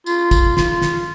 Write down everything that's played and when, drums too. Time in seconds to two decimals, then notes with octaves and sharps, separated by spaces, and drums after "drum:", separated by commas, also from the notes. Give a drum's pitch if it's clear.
0.06 F4, drum: tambourine
0.31 drum: kick, tambourine
0.57 F4, drum: snare
0.82 drum: snare